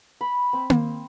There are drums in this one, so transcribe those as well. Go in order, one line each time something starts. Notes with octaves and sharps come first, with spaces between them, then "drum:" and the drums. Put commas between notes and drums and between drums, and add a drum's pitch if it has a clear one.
B5
C4
drum: tom A#3